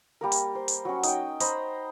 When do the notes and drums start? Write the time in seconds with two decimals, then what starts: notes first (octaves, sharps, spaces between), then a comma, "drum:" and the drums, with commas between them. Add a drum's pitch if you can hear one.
0.21 G3 A#3 A#4
0.32 drum: hi-hat
0.55 C5
0.68 drum: hi-hat
0.85 F#3 C#4
1.03 D#4 G5, drum: hi-hat
1.40 C5 D#5 A#5 B5, drum: hi-hat